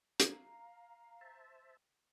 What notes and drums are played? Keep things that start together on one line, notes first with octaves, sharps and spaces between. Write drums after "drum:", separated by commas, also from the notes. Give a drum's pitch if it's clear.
F5 A#5, drum: hi-hat
C5 E5 A5